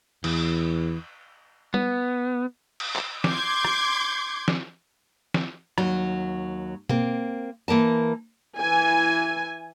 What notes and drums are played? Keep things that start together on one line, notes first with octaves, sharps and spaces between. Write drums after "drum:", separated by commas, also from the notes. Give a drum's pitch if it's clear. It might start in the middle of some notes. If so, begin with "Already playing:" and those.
E2 E3, drum: cymbal
B3, drum: tom G3
drum: cymbal
drum: clap
C6 D6 G6 G#6, drum: snare
drum: rim click
drum: snare
drum: snare
D#2 F#3, drum: rim click
A#3 C4, drum: tom B2
E3 A#3 A#4 A5
E3 G#5